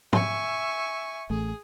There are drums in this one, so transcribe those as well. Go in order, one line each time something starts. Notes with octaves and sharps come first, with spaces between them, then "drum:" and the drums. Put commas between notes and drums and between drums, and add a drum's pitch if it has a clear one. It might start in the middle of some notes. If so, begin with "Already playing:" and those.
E5 G#5 C#6, drum: tom
A1 A3 G#4